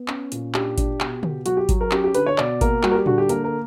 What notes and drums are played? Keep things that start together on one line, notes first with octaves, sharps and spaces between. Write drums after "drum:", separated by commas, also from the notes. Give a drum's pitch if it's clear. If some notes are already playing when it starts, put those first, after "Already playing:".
Already playing: B3
C#4, drum: clap
A#2, drum: hi-hat
D4 G4, drum: clap
D4, drum: kick G#1, hi-hat
B2, drum: clap
B2, drum: tom
F#3 F#4, drum: hi-hat
G4
F#3, drum: kick G#1, hi-hat
A#4
C#4 G4, drum: clap
G4
D3 B4, drum: hi-hat
C#5
B2 D5, drum: clap
A#3 A#4, drum: kick G#1, hi-hat
G3 F#4, drum: clap
A#4
G4
D3 F#4, drum: tom A2
G4
A#3 A#4, drum: hi-hat
A#4